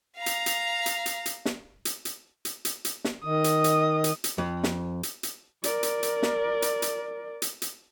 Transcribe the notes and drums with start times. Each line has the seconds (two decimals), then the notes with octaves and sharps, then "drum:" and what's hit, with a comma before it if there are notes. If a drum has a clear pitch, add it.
0.17 F5 A#5
0.26 drum: hi-hat
0.46 drum: hi-hat
0.86 drum: hi-hat
1.06 drum: hi-hat
1.26 drum: hi-hat
1.45 drum: snare
1.85 drum: hi-hat
2.05 drum: hi-hat
2.45 drum: hi-hat
2.65 drum: hi-hat
2.85 drum: hi-hat
3.04 drum: snare
3.24 D#3 D#5 D#6
3.44 drum: hi-hat
3.64 drum: hi-hat
4.04 drum: hi-hat
4.24 drum: hi-hat
4.38 F2
4.63 drum: snare
5.03 drum: hi-hat
5.23 drum: hi-hat
5.64 A#4 D5, drum: hi-hat
5.83 drum: hi-hat
6.03 drum: hi-hat
6.23 drum: snare
6.62 drum: hi-hat
6.82 drum: hi-hat
7.42 drum: hi-hat
7.62 drum: hi-hat